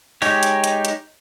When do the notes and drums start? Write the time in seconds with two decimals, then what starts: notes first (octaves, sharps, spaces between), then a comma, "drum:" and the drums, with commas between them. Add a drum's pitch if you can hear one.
0.22 G#3 D#4 G4 C#5, drum: open hi-hat
0.43 drum: hi-hat
0.64 drum: hi-hat
0.85 drum: hi-hat